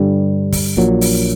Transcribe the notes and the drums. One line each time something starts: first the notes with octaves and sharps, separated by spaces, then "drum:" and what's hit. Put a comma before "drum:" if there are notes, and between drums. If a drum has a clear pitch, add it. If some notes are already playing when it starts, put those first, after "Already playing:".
Already playing: G2 D3 G3
drum: kick, open hi-hat
A#1 A#2 F#3
drum: open hi-hat